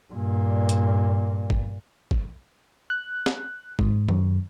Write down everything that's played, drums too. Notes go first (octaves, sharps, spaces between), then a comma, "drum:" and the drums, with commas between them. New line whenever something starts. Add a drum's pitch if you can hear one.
G2 A#2
drum: hi-hat
drum: kick G#1
drum: kick G#1
F#6
drum: snare
G#2, drum: kick G#1
F#2, drum: tom D#3